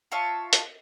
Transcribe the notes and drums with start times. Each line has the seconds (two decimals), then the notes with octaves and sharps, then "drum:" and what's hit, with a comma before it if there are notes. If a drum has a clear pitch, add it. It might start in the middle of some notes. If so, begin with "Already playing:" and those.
0.12 F4 C#5 E5 A5
0.53 drum: hi-hat